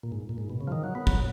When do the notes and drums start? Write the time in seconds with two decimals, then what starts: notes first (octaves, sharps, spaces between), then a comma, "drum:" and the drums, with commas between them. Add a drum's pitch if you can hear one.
0.03 A#2
0.12 G#2
0.29 A#2
0.38 G#2
0.50 B2
0.61 C#3
0.68 F3
0.72 D#3
0.84 F#3
0.95 B3
1.07 F#3, drum: kick